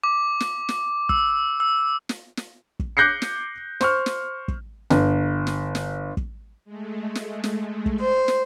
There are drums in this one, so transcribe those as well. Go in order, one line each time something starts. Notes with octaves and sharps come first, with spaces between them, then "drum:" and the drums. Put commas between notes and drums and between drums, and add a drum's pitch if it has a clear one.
D6
drum: snare
drum: snare
E6, drum: kick
E6
drum: snare
drum: snare
drum: kick
D6 F#6 G6 A#6 C7 C#7
drum: snare
C5 C#6 F6, drum: snare
drum: snare
drum: kick
G1, drum: snare
drum: snare
drum: snare
drum: kick
G#3 A3
drum: snare
drum: snare
drum: kick
C5
drum: snare